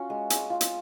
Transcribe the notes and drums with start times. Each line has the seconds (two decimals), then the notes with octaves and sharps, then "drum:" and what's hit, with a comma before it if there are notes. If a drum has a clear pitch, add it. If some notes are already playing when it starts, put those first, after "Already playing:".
Already playing: C#4 F4 F#4
0.10 G#3
0.30 G#3, drum: hi-hat
0.50 F4
0.61 drum: hi-hat